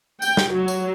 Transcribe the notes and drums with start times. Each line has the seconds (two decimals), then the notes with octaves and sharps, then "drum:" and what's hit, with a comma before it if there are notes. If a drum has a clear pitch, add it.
0.22 G5, drum: tambourine
0.37 drum: snare
0.52 F#3
0.68 drum: tambourine